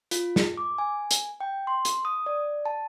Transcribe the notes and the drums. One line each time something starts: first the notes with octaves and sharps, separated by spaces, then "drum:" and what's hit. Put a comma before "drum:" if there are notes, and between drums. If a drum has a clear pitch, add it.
F4, drum: hi-hat
drum: snare
D6
G#5
drum: hi-hat
G5
C6
drum: hi-hat
D#6
D5
A5